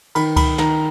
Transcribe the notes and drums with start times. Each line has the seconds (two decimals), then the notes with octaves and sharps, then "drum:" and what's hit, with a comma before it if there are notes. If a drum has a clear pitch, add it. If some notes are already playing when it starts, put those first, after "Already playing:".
0.15 D#3 B5, drum: cymbal
0.36 B5, drum: kick C#2, cymbal
0.58 D#3 A#5, drum: snare